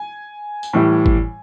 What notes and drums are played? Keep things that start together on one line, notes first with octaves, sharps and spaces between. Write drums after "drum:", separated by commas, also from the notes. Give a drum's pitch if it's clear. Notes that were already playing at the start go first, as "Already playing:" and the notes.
Already playing: G#5
drum: tambourine
A2 E3 G3
drum: kick G#1